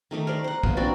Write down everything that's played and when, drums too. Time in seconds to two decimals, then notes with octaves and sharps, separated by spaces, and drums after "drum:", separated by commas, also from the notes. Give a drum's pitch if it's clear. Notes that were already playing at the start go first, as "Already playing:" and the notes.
0.11 D#3 A3 D#4 D6
0.27 A#4 C5 D5
0.44 C5 F#5
0.63 A#3 B3, drum: kick
0.77 C4 D4 F#4 D5